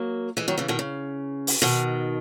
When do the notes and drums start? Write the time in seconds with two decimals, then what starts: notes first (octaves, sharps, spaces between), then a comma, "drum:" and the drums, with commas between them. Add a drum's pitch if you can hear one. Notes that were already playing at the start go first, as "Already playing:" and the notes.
Already playing: F#3 A#3
0.37 E3 G#3
0.48 D#3 F#3
0.58 C#3 E3
0.68 B2 D#3
0.79 C#3
1.47 drum: open hi-hat
1.62 B2 D#3